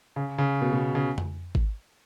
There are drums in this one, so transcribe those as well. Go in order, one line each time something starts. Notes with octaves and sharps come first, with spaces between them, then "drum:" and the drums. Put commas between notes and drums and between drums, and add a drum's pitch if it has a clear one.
C#3
C#3
B2
B2
C#3
drum: tom F2
drum: kick G#1